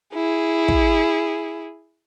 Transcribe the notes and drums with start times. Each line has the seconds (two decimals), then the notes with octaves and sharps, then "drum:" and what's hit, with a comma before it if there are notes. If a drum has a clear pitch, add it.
0.14 E4 G#4
0.68 drum: kick